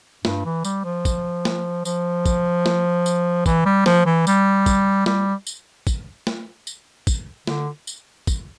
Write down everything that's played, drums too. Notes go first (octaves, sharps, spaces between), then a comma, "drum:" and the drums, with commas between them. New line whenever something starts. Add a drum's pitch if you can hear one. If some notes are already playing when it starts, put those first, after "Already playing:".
G2, drum: snare
E3
G3, drum: tambourine
F3
drum: kick, tambourine
drum: snare
F3, drum: tambourine
drum: kick, tambourine
drum: snare
drum: tambourine
E3, drum: kick, tambourine
G3
F3, drum: snare
E3
G3, drum: tambourine
drum: kick, tambourine
G3, drum: snare
drum: tambourine
drum: kick, tambourine
drum: snare
drum: tambourine
drum: kick, tambourine
D3, drum: snare
drum: tambourine
drum: kick, tambourine